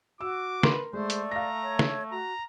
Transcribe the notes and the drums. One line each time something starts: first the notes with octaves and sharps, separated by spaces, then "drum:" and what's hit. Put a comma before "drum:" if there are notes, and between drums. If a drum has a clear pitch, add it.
F#4 D6 E6
A#4 B4 C6, drum: snare
G#3 A3 C5 D5
drum: hi-hat
F5 A#5 A#6
C#5
drum: snare
F#4 A#5